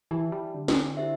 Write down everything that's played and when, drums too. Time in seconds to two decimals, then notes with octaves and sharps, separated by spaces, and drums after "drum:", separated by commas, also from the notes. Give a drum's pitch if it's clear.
0.11 E3 G4 E5 A5
0.32 G3
0.54 D3
0.68 drum: snare
0.97 E4 G4 C5 E5